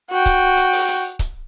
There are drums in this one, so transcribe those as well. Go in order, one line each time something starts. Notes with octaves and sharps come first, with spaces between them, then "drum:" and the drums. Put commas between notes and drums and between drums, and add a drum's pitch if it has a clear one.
F#4 G5
drum: kick C#1, hi-hat
drum: hi-hat
drum: open hi-hat
drum: hi-hat
drum: kick C#1, hi-hat